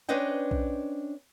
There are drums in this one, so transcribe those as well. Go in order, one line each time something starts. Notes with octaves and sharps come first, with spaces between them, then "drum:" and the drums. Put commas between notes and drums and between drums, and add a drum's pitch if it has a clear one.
C#4 D4 B4 C5 D#5 G5
drum: kick B1